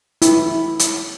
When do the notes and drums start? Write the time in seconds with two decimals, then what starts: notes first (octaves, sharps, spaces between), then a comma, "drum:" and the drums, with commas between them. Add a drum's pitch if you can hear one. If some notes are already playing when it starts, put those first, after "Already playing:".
0.22 E4, drum: hi-hat
0.79 drum: hi-hat